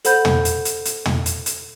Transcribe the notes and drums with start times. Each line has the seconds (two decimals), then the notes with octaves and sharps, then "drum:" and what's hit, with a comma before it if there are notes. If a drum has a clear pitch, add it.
0.05 A4 C5 F#5 B5 G6, drum: hi-hat
0.25 drum: tom
0.45 drum: hi-hat
0.65 drum: hi-hat
0.85 drum: hi-hat
1.06 drum: tom
1.26 drum: hi-hat
1.46 drum: hi-hat